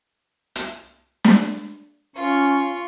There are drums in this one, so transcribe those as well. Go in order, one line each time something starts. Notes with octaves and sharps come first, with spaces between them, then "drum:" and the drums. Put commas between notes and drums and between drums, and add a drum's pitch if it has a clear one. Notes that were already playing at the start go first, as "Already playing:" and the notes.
drum: hi-hat
drum: snare
C#4 F4 C#6